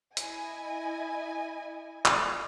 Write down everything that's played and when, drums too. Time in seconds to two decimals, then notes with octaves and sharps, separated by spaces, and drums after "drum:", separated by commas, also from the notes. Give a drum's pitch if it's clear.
0.17 E4 D#5 G#5, drum: hi-hat
2.05 drum: clap